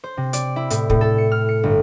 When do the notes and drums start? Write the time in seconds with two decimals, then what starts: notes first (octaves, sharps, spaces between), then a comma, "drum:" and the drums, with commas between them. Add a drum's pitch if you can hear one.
0.04 C5
0.17 C3
0.33 D5, drum: hi-hat
0.56 E4
0.70 A2, drum: hi-hat
0.90 A2, drum: kick
1.01 A4
1.18 C#7
1.32 F6
1.49 C#7
1.63 G1